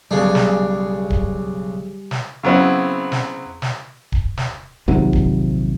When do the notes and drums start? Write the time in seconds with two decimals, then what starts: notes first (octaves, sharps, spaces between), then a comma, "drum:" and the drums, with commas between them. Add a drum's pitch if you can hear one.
0.11 B1 C#3 G3 D4 G#4
0.35 drum: snare
1.10 drum: kick D1
2.11 drum: snare
2.43 C#3 F#3 B3 C4 E4
3.12 drum: snare
3.62 drum: snare
4.12 drum: kick D1
4.37 drum: snare
4.88 A#1 D#2 C3 F#3
5.13 drum: kick D1